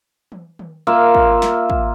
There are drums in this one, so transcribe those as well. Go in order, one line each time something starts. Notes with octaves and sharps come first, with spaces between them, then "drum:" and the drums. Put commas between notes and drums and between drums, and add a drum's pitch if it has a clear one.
drum: tom E3
drum: tom D#3
A#3 F4 E5 F5
drum: kick
drum: snare
drum: kick